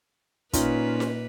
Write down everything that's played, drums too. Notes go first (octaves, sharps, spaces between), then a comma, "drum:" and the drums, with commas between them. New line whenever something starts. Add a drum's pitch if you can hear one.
A#2 C#4 D#4 F4 B4, drum: kick, hi-hat
drum: snare D#4